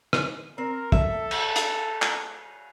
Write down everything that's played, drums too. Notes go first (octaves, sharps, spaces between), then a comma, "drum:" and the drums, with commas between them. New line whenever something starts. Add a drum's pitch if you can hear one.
drum: rim click
C4 A#4
A4 E5, drum: kick
drum: cymbal
drum: hi-hat
drum: clap